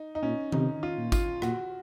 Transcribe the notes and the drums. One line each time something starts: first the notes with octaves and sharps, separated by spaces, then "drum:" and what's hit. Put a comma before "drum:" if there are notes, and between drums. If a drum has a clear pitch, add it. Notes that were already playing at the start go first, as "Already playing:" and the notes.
Already playing: D#4
D#4
A#2 C#4
C3 D#4, drum: tom D#3
F4
A#2
F4, drum: kick G#1, tambourine
A#2 F#4, drum: rim click